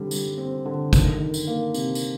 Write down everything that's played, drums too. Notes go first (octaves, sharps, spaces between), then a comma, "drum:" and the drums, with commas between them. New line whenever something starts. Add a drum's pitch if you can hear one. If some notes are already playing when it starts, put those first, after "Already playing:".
Already playing: D3 G3 C4
G3, drum: tambourine
C4
D3
D#3, drum: kick, tambourine
D#3
drum: tambourine
A#3
C3, drum: tambourine
drum: tambourine